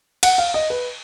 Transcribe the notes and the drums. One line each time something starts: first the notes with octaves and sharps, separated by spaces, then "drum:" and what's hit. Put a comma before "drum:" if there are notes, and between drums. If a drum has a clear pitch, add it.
F#5, drum: cymbal
F5
D#5
B4